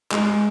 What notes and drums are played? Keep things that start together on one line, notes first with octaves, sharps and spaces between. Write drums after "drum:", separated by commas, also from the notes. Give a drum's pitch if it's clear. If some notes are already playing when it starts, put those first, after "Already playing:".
G#3, drum: clap